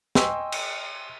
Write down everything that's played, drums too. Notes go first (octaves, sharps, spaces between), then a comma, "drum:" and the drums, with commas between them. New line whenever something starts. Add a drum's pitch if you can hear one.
D#5 G5 G#5 C6 C#6 E6, drum: snare
drum: cymbal